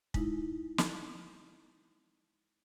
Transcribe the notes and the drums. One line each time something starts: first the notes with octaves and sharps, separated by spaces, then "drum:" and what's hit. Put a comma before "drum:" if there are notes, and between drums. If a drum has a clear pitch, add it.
G#3 D#4 E4, drum: kick
drum: snare